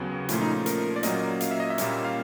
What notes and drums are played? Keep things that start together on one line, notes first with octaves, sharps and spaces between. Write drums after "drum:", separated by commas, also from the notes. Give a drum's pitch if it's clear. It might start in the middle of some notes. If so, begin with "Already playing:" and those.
Already playing: D#2 C#3 F#3 B3
A#2 F3 A3 C#4 E4, drum: hi-hat
D#4
A#4, drum: hi-hat
D5
A#2 F#3 A#3 C#4 D#5, drum: hi-hat
F5, drum: hi-hat
E5
D#5
E5
A#2 G3 A#3 C#4, drum: hi-hat
F5